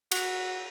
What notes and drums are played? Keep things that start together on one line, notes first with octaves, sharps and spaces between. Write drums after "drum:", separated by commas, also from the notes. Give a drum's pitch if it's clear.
F#4, drum: cymbal